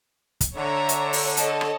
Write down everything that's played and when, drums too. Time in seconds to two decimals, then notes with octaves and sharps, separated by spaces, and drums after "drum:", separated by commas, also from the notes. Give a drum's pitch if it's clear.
0.41 drum: kick, hi-hat
0.56 D3 C#5 E5 A#5
0.89 drum: hi-hat
1.13 drum: open hi-hat
1.37 A4 C#5 D#5, drum: hi-hat
1.61 drum: rim click